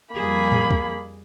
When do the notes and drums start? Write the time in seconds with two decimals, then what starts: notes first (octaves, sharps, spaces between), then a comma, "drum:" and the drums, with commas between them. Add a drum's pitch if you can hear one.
0.15 F2 G3 A#3 G#4 B5
0.52 drum: tom A2
0.71 drum: kick